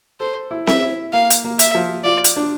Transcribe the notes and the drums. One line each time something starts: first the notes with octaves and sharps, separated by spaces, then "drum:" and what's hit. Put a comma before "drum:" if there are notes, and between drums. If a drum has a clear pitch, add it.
A4 C5
E4
E5, drum: snare C4
E4
A#3 F5
drum: hi-hat
A#3
E5, drum: hi-hat
F3
F4 D5
drum: hi-hat
D4